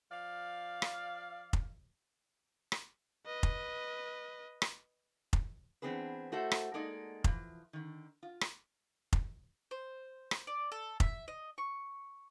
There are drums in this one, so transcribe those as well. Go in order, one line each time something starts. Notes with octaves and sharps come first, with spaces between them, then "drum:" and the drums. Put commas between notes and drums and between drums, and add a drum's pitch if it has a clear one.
F3 D5 F5
drum: rim click
drum: kick F1
drum: rim click
B4 D#5
drum: kick F1
drum: rim click
drum: kick F1
E3 B3 C4 D4 G#4 B4
A3 E4 F#4 A4 C5 E5
drum: rim click
G#3 A#3 D#4 A4 D5 D#5
E3 F3, drum: kick F1
D3 D#3
F4
drum: rim click
drum: kick F1
C5
drum: rim click
D5
A4
E5, drum: kick F1
D#5
C#6